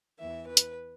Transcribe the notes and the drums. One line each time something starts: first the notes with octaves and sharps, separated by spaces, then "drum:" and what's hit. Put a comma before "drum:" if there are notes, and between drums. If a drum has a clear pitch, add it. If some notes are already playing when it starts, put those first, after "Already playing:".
E2 E3 E5
B4
drum: hi-hat